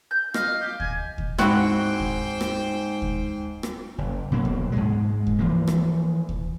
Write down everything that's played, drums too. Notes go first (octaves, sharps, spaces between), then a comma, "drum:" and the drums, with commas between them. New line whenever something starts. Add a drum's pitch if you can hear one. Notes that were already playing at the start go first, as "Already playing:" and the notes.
G6
D#5 F5, drum: rim click
G4
G#5, drum: kick D2
drum: kick D2
G#2 C4 E4 F#4 C5 G5, drum: rim click
drum: kick D2
drum: rim click
drum: kick D2
drum: rim click
F#1
B2 F#3 A#3
drum: kick D2
G#2 G#3
drum: kick D2
E3 F3 A#3
drum: rim click
drum: kick D2